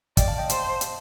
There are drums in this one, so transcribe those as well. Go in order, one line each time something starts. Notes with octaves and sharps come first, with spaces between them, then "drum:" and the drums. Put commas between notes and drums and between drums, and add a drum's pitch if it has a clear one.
D5 D#5 G5, drum: kick, hi-hat
F5 A5
D#5 G5
C5, drum: hi-hat
drum: hi-hat